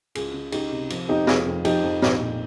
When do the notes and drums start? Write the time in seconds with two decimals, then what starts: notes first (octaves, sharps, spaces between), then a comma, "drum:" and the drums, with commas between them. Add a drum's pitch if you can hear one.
0.15 C#2 F4 G#4, drum: cymbal
0.34 C#3
0.52 C#2 D#4 G4, drum: cymbal
0.72 C3
0.90 F3, drum: cymbal
1.08 F2 D#4 G4
1.27 F1 F4 G#4, drum: snare
1.46 F2
1.65 F3 D#4 G4, drum: cymbal
1.83 F2
2.02 A#1, drum: snare
2.21 A#2